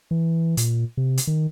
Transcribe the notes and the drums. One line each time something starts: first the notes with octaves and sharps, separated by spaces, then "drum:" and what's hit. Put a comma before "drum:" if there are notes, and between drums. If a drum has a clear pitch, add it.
E3
A#2, drum: hi-hat
C3
drum: hi-hat
D#3